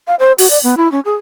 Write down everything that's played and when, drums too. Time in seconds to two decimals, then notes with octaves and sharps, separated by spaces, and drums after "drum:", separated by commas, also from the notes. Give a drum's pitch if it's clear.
0.07 F5
0.19 C5
0.38 F#4, drum: open hi-hat
0.50 D5
0.63 B3
0.77 E4
0.92 C#4
1.05 G#4